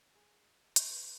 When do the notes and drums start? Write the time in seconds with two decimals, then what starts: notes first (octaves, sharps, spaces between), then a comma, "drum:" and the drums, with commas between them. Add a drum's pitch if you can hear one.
0.15 G#4
0.76 drum: hi-hat
0.91 B4